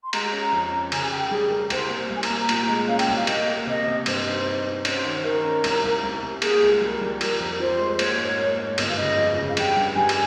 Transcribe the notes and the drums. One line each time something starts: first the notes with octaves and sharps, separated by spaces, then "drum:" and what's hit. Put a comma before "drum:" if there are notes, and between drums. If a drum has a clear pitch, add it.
C6
G#3 A#5, drum: cymbal
C#4
F2
C#4
C#3 G#5, drum: cymbal
C#3 G5
G3 G#4
G3 A#4
C2 C5, drum: cymbal
A#3
C2
G#5
A#5, drum: cymbal
A#3
A#2 A#5, drum: cymbal
G#3
C#4 F5
G5, drum: cymbal
C2 F5
A#3 D#5, drum: cymbal
A#3
C3 D#5
C3
G2 C5, drum: cymbal
D#4
D#4
D#4
C#4 C5, drum: cymbal
D#3
D#3 A#4
C#4
C2, drum: cymbal
C2
C2
C2
A#3 G#4, drum: cymbal
C#2
G3 A#4
G3
F3 A#4, drum: cymbal
F2
F3 C5
G#3
C5
A#3 C#5, drum: cymbal
G#2
A#3
G#2
G1 D#5, drum: cymbal
F5
C#3 D#5
F2
C#3
F5
G3 G5, drum: cymbal
G2
G3 G#5
drum: cymbal